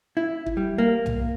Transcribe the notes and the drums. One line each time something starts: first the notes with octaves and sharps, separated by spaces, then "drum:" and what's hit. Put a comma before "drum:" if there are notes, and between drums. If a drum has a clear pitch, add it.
E4
drum: kick
G3
A#3
drum: tom B1